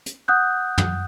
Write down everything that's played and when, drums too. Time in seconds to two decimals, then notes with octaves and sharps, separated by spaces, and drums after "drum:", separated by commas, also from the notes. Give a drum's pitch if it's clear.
0.06 drum: hi-hat
0.28 F#5 D#6 F#6 G6
0.78 drum: tom